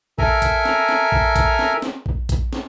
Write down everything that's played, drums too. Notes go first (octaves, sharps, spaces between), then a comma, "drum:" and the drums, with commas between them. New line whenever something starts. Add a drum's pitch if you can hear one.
A4 A#4 E5 G#5 A#5, drum: kick A#1
drum: kick A#1, hi-hat
drum: snare
drum: snare
drum: kick A#1
drum: kick A#1, hi-hat
drum: snare
drum: snare
drum: kick A#1
drum: kick A#1, hi-hat
drum: snare